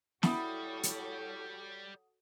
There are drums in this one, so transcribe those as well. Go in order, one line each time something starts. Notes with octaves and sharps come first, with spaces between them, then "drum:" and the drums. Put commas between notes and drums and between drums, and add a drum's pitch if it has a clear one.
G3 E4 F#4 A4 C#5 F#5 B5 D#6, drum: snare
drum: hi-hat